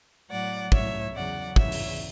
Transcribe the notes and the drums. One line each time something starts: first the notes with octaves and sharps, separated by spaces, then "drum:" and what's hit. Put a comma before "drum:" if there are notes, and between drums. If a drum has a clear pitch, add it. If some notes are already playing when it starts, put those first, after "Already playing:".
A2 F#3 D5 F#5
A2 F#3 C#5 E5, drum: kick
E2 C#3 F#3 D5 F#5
E2 C#3 E3 C#5 E5, drum: kick
drum: open hi-hat